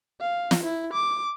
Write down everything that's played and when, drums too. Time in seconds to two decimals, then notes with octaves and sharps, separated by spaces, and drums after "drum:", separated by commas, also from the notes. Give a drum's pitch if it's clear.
0.20 F5
0.51 drum: snare
0.64 E4
0.93 D6